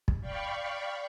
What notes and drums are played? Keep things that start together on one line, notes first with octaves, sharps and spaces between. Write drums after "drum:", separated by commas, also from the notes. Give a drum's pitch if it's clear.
drum: kick
D5 F5 G5 B5 C#6